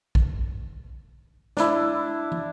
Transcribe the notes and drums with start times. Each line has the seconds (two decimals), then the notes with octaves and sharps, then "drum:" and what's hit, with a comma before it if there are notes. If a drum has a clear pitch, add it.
0.15 drum: kick A#1
1.57 D4 E4, drum: snare
2.32 drum: tom